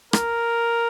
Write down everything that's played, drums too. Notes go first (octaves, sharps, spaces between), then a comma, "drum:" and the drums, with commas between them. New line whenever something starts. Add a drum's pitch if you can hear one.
A#4, drum: rim click